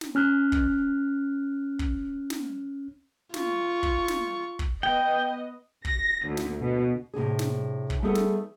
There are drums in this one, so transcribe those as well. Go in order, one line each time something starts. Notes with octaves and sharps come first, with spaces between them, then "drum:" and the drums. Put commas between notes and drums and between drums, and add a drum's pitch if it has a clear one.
drum: snare
C#4 F6 F#6
drum: kick
drum: kick
drum: snare
F4 C#6, drum: snare
drum: kick
drum: snare
drum: kick
B3 D#5 G5
A#6, drum: kick
D2
drum: snare
B2
A2 C3 D4 G#4
drum: snare
drum: kick
G3 A3 B3 D#4 G#4 A4
drum: snare